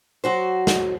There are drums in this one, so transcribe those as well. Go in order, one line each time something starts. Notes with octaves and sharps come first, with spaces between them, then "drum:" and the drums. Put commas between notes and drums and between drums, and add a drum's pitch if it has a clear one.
F#3 F#4 C5
drum: snare